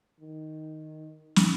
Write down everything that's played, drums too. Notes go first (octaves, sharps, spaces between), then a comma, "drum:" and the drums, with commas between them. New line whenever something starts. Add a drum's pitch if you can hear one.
D#3
drum: snare